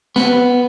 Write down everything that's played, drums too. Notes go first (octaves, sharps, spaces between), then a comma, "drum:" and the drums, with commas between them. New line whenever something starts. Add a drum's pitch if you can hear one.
B3, drum: snare